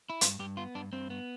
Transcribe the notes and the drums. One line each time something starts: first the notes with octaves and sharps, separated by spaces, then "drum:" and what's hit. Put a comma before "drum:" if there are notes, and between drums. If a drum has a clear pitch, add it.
E4
G2 F4, drum: hi-hat
G2 G4
B3 F4
G2 D4
G2 C4
B3